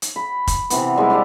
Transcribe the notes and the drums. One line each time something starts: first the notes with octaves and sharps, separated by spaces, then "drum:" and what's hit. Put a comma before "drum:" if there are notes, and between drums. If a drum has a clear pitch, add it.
drum: hi-hat
B5
drum: kick, hi-hat
C3 E3 B3, drum: hi-hat
G3 G#3 A#3 E4
D4 G4 F5 F#5